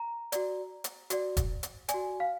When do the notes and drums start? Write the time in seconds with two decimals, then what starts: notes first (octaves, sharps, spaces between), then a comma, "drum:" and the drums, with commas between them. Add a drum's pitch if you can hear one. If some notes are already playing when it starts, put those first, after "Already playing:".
Already playing: A#5
0.32 F#4 D5, drum: hi-hat
0.84 drum: hi-hat
1.10 F#4 D5, drum: hi-hat
1.37 drum: kick E1, hi-hat
1.63 drum: hi-hat
1.88 D5 G#5, drum: hi-hat
1.94 F#4
2.20 F5